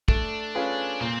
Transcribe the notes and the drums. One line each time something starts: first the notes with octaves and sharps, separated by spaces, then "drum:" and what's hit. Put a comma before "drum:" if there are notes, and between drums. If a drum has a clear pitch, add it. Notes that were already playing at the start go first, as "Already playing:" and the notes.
A3 D4, drum: kick
C#4 F4 G#4 B4
A#2 C4